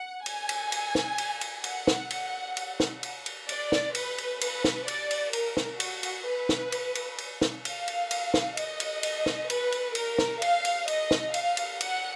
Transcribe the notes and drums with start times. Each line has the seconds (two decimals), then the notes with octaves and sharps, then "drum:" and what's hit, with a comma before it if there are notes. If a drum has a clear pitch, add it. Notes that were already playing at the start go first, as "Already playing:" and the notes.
Already playing: F#5
0.26 G#5, drum: cymbal
0.49 drum: cymbal
0.72 drum: cymbal
0.95 drum: snare
1.18 drum: cymbal
1.41 drum: cymbal
1.64 F#5, drum: cymbal
1.87 drum: snare
2.11 drum: cymbal
2.57 drum: cymbal
2.80 drum: snare
3.03 drum: cymbal
3.26 drum: cymbal
3.49 D5, drum: cymbal
3.72 drum: snare
3.95 B4, drum: cymbal
4.18 drum: cymbal
4.41 B4, drum: cymbal
4.64 drum: snare
4.88 D5, drum: cymbal
5.11 drum: cymbal
5.33 A#4, drum: cymbal
5.57 drum: snare
5.80 F#4, drum: cymbal
6.03 drum: cymbal
6.26 B4
6.49 drum: snare
6.72 drum: cymbal
6.95 drum: cymbal
7.18 drum: cymbal
7.41 drum: snare
7.65 F5, drum: cymbal
7.88 drum: cymbal
8.11 drum: cymbal
8.34 drum: snare
8.57 D#5, drum: cymbal
8.80 drum: cymbal
9.03 drum: cymbal
9.26 drum: snare
9.50 B4, drum: cymbal
9.72 drum: cymbal
9.95 A#4, drum: cymbal
10.18 drum: snare
10.42 F5, drum: cymbal
10.65 drum: cymbal
10.88 D#5, drum: cymbal
11.11 drum: snare
11.34 F5, drum: cymbal
11.57 drum: cymbal
11.81 F#5, drum: cymbal